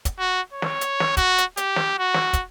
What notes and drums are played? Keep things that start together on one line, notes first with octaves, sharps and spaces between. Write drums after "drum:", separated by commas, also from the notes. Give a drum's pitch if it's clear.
drum: kick, hi-hat
F#4
C#5
drum: snare
drum: hi-hat
drum: snare
F#4, drum: kick, hi-hat
drum: hi-hat
G4, drum: hi-hat
drum: snare
F#4
drum: snare
drum: kick, hi-hat